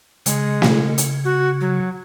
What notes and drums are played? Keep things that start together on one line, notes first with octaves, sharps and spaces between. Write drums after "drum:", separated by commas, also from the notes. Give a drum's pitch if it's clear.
C#3 G#3, drum: hi-hat
drum: snare
drum: hi-hat
F#4
F#3